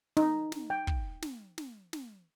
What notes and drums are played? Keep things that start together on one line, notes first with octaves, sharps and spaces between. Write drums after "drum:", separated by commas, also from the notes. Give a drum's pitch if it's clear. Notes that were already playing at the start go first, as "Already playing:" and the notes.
D#4, drum: snare
drum: snare
G5
drum: kick
drum: snare
drum: snare
drum: snare